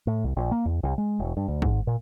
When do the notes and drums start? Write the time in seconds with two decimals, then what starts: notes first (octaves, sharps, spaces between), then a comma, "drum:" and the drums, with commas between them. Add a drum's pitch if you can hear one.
0.07 A2
0.24 C2
0.37 A#1
0.51 A#3
0.65 E2
0.83 C2
0.98 G#3
1.19 E1
1.37 G2
1.48 D2
1.62 G#2, drum: kick
1.87 A#2